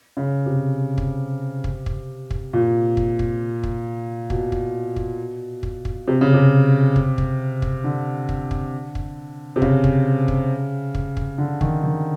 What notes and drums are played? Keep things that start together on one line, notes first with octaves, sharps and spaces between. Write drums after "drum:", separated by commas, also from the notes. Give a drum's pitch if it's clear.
C#3
C3
drum: kick
drum: kick
drum: kick
drum: kick
A#2
drum: kick
drum: kick
drum: kick
B2, drum: kick
drum: kick
drum: kick
drum: kick
drum: kick
C3
C#3
C3
drum: kick
drum: kick
drum: kick
D3
drum: kick
drum: kick
drum: kick
C3
C#3, drum: kick
drum: kick
drum: kick
drum: kick
drum: kick
D3
D#3, drum: kick
D#3